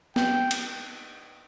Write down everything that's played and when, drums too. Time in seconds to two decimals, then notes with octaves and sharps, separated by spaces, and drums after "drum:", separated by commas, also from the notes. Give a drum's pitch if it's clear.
0.16 G5, drum: snare
0.51 drum: cymbal